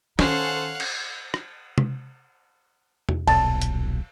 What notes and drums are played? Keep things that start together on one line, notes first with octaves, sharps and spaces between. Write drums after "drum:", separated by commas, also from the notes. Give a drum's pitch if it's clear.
D#3 C#4 A4 C5 F5 F#5 G#5, drum: snare
drum: cymbal
drum: rim click
drum: tom C3
drum: tom E2
D#1 B1 A5, drum: cymbal
drum: hi-hat